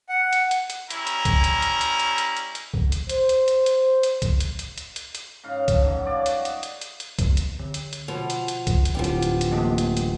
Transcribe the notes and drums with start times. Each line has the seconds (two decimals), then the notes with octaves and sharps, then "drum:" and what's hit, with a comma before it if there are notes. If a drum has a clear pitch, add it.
0.09 F#5
0.33 drum: hi-hat
0.51 drum: hi-hat
0.70 drum: hi-hat
0.90 G3 C#4 E4 A#5, drum: hi-hat
1.07 drum: hi-hat
1.25 drum: kick C2, hi-hat
1.44 drum: hi-hat
1.62 drum: hi-hat
1.81 drum: hi-hat
1.99 drum: hi-hat
2.18 drum: hi-hat
2.37 drum: hi-hat
2.55 drum: hi-hat
2.74 drum: kick C2
2.92 drum: hi-hat
3.09 C5, drum: hi-hat
3.29 drum: hi-hat
3.48 drum: hi-hat
3.66 drum: hi-hat
4.03 drum: hi-hat
4.22 drum: kick C2, hi-hat
4.40 drum: hi-hat
4.59 drum: hi-hat
4.78 drum: hi-hat
4.96 drum: hi-hat
5.15 drum: hi-hat
5.43 G#2 C#3 F5
5.68 G#2 D3, drum: kick C2, hi-hat
5.84 G#2 F#3
6.02 G2 F3 C#5 D5
6.26 F#4, drum: hi-hat
6.45 D#5, drum: hi-hat
6.63 drum: hi-hat
6.81 drum: hi-hat
7.00 drum: hi-hat
7.19 drum: kick C2, hi-hat
7.37 drum: hi-hat
7.59 D3
7.74 drum: hi-hat
7.93 drum: hi-hat
8.08 B2 F3 F7
8.30 drum: hi-hat
8.48 drum: hi-hat
8.67 drum: kick C2, hi-hat
8.85 drum: hi-hat
8.95 D1 F3 B3 G4
9.04 drum: hi-hat
9.22 drum: hi-hat
9.41 drum: hi-hat
9.51 E3 A3 A#3
9.78 drum: hi-hat
9.97 drum: hi-hat